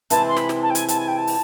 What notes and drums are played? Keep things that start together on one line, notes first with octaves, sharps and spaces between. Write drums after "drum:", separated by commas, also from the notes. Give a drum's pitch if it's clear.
C3 E3 G#3 C4 E4 A5, drum: hi-hat
C6
B5, drum: snare
drum: snare
A5
G5
G#5, drum: hi-hat
A5, drum: hi-hat
G#5
G5
A5
drum: open hi-hat